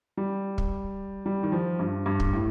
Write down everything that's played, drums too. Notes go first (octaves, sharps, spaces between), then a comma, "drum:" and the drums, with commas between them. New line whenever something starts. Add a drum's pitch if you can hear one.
G3
drum: kick
G3
D#3
F3
G2
G2
drum: kick
A2